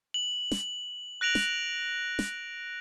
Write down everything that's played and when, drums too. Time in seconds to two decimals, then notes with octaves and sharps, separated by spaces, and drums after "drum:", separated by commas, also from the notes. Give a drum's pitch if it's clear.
0.14 F#7
0.52 drum: snare
1.21 F#6 A#6 D7 F7 F#7
1.35 drum: snare
2.19 drum: snare